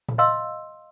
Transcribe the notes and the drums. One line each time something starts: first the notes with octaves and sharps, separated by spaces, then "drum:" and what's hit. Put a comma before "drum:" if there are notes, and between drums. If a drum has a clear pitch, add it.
drum: tom A#2
D#5 F5 C6 E6